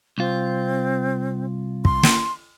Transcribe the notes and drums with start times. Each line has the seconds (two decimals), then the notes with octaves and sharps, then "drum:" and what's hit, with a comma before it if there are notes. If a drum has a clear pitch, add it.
0.18 C2 C4 F4
1.85 C6, drum: kick
2.03 drum: snare